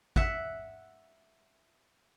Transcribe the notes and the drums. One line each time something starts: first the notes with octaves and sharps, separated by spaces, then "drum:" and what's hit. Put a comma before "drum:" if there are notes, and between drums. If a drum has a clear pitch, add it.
E5 F#5, drum: kick G#1